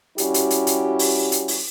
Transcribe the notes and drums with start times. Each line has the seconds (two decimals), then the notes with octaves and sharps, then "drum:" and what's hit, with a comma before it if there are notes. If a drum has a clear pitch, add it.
0.18 G3 C#4 E4 F#4 G4, drum: hi-hat
0.34 drum: hi-hat
0.50 drum: hi-hat
0.67 drum: hi-hat
0.99 drum: open hi-hat
1.32 drum: hi-hat
1.48 drum: open hi-hat